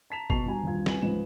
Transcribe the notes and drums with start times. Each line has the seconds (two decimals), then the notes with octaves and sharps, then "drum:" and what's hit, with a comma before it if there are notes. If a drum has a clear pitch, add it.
0.10 A5 A#5 B6 E7 F7
0.30 B2 A5 C#6 C7 F7, drum: kick G1
0.46 G2 F#4 G#5 A#5
0.63 D#1 G2 F4 G#6
0.86 C2 B4 G#5 F#7, drum: snare
1.02 C#2 G#2 F3 B4 E7